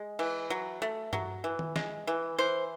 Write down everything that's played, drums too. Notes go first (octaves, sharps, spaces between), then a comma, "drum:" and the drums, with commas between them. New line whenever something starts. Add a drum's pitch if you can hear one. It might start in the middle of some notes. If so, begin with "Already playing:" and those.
Already playing: G#3
E3, drum: cymbal
F#3
A3
F#3, drum: tom G2
E3
drum: tom D#3
G#3, drum: snare
E3
E3 C5